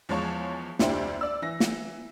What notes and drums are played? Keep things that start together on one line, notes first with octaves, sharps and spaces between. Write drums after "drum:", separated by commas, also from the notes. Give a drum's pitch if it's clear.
E2 F3 G#3 C#5 A5 C#6
F1 D2 E4 G4 C5 D5, drum: snare
D5 E6
E3 A#6
drum: snare